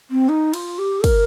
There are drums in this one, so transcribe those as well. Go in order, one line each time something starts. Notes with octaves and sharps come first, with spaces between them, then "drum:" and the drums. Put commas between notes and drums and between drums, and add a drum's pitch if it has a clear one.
C4
D#4
F4, drum: cymbal
G4
A#4, drum: kick, cymbal